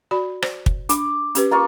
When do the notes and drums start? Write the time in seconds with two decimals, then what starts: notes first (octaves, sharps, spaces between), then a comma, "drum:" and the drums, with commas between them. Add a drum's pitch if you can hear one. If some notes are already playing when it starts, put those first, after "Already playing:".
0.11 F#4 D5 B5
0.42 C5 D5, drum: rim click
0.66 drum: kick
0.89 D4 D6, drum: hi-hat
1.35 C#4 G4 B4, drum: hi-hat
1.51 A#3 F4 C#6